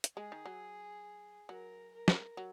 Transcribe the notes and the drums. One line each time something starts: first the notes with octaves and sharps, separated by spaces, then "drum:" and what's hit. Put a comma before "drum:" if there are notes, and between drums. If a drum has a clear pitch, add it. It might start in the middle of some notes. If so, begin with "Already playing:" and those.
drum: hi-hat
G#3 G#4
D#3
F#3
F#3 A#4
A#4
drum: snare
F#3